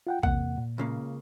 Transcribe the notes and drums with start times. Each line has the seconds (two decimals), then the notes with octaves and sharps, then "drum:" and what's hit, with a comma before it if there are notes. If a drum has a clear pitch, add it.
0.07 F4 F#5 G5
0.23 E2 C3 A#3 F#5, drum: kick
0.58 A#2
0.78 C#2 C#3 A#3